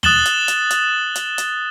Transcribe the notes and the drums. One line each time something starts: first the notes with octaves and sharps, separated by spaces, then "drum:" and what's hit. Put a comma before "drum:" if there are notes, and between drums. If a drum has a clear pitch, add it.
D#6 F#6 A6 E7 F#7 G7, drum: tom
drum: hi-hat
drum: hi-hat
drum: hi-hat
drum: hi-hat
drum: hi-hat